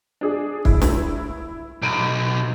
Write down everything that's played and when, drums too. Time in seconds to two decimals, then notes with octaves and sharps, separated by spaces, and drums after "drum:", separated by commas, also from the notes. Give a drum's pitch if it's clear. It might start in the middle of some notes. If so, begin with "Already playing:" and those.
0.21 D4 G#4
0.65 E4, drum: kick
0.82 drum: snare
1.82 B1 D7 D#7